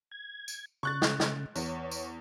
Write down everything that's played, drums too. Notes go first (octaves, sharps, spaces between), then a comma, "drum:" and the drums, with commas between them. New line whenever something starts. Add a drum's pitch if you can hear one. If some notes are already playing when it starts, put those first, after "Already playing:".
G#6
drum: tambourine
C#3 C#6 F#6 A6
drum: snare
drum: snare
E2 C#5, drum: tambourine
drum: tambourine